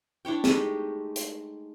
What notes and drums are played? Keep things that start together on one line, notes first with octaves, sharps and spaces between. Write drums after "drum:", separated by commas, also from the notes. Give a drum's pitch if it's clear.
D4 E4 C#5 G5
G#3 A3 D#4 G4, drum: snare
drum: hi-hat